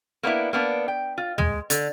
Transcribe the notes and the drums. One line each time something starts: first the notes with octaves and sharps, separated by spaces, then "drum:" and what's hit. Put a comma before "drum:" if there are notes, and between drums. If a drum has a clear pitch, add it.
A#3 B3 D4 E4
A#3 B3 D4
G5
F4
G#3, drum: tom
D3, drum: hi-hat